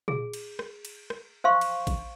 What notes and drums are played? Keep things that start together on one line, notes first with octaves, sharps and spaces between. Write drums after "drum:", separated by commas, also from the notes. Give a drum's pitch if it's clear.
G#4, drum: tom A#2
drum: cymbal
drum: rim click
drum: cymbal
drum: rim click
C5 F5 C6 C#6
drum: cymbal
drum: kick A1, cymbal